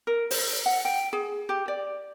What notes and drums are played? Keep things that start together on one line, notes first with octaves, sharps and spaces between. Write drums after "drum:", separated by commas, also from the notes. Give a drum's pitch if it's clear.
A#4
C5, drum: open hi-hat
F#5
G5
G#4
G4
D5